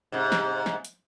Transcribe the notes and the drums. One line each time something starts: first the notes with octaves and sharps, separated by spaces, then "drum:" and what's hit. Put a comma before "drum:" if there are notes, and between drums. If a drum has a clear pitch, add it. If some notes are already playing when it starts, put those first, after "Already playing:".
G#2 C3
drum: snare
drum: snare
drum: hi-hat